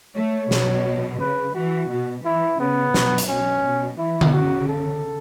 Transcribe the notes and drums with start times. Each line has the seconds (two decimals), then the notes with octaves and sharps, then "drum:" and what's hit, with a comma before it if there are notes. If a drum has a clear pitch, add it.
0.16 A3 C#5
0.51 B2, drum: snare
1.20 C#3 B4
1.55 E3 F#4
1.90 B2
2.24 E3 E4
2.59 C#3 B3
2.94 B2, drum: snare
3.18 drum: hi-hat
3.29 B2 C#4
3.64 B2
3.98 E3 E4
4.21 drum: tom D3
4.33 C#3 F#4
4.68 A4